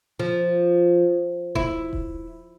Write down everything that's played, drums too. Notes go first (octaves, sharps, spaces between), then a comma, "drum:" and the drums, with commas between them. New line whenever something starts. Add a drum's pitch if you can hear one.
F3
E4, drum: kick D#1
drum: kick D#1